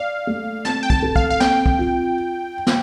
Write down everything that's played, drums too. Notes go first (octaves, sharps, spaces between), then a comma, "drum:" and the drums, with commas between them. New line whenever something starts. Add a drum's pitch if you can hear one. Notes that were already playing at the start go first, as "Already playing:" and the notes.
Already playing: D5 F5
A3
C4 A5, drum: snare
G5
A5, drum: kick
A4
F5, drum: kick
F5
C4 G5, drum: snare
drum: kick
F4
drum: snare